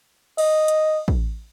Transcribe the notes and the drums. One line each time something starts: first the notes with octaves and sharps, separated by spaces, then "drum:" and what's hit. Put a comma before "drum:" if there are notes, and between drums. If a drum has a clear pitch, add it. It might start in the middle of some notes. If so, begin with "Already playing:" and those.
D#5, drum: cymbal
drum: hi-hat
drum: kick